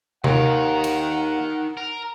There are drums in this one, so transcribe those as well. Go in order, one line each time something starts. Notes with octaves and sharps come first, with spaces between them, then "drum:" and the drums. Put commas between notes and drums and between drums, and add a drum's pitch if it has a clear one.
D#2 D#3 A#4 F#5, drum: tom C3
drum: cymbal
A#4